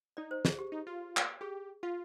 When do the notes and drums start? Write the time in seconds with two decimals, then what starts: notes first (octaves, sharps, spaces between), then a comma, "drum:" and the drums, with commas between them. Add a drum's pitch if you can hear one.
0.17 D#4 D5
0.31 C5
0.45 G#4, drum: snare
0.59 G4
0.72 D#4
0.87 F4
1.17 drum: clap
1.41 G4 G#4
1.83 F4 F5